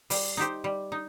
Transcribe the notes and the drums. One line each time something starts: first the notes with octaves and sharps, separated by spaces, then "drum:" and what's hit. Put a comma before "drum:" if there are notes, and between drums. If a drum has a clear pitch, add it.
G3, drum: open hi-hat
D#4 G4 C5
G3
D#4